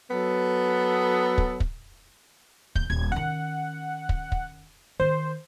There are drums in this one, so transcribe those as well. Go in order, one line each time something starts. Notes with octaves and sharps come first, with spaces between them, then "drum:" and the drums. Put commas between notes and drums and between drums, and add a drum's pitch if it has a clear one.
F#3 B3 A4
drum: kick
drum: kick
D#2 G6, drum: kick
D#1 G#6
D#3 C#4 F#5
drum: kick
drum: kick
D#3 C5